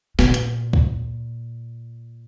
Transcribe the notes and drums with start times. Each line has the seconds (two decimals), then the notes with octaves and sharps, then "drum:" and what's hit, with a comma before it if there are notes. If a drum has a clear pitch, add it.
0.19 A#2, drum: snare
0.34 drum: hi-hat
0.73 drum: kick C#2